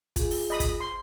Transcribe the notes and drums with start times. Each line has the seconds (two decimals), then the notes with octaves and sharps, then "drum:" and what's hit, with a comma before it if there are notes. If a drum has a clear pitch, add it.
0.16 F4 G#4, drum: kick, hi-hat
0.31 drum: open hi-hat
0.50 D#5 B5 D#6
0.60 drum: kick, hi-hat
0.80 C6